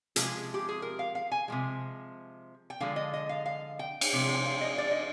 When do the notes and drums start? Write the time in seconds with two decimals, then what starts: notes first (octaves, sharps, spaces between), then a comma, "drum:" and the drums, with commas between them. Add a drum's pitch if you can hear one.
0.16 C3 F3 G#3 G#4, drum: hi-hat
0.54 G4
0.69 G#4
0.82 A#4
0.99 F5
1.15 F5
1.32 G#5
1.48 C3 F3 G#3
2.70 G5
2.80 D3 F3 G#3 F5
2.96 D#5
3.14 D#5
3.29 F5
3.46 F5
3.79 G5
4.01 drum: cymbal
4.13 C3 F3 G#3
4.29 G5
4.46 F5
4.61 D#5
4.78 D5
4.91 D#5